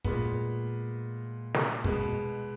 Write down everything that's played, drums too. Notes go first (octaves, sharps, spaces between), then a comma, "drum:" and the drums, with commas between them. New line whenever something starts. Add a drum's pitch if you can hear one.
A#2 G#3 B3, drum: kick
drum: snare
B2 G#3 B3, drum: kick